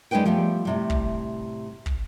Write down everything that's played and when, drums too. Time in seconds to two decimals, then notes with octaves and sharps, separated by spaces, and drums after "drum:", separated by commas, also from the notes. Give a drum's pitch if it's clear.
0.11 G3 G#3 C#4 D#4 B4 G5
0.26 F3 G3 A3 B3
0.65 A2 C3 G3
0.90 drum: kick
1.86 drum: kick